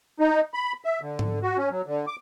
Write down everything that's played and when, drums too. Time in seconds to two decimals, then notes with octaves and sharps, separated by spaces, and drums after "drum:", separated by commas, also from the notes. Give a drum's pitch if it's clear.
0.20 D#4
0.54 B5
0.85 E5
1.02 D3
1.19 drum: tom G#2
1.42 F#4
1.58 C#4
1.70 F#3
1.86 D3
2.07 D6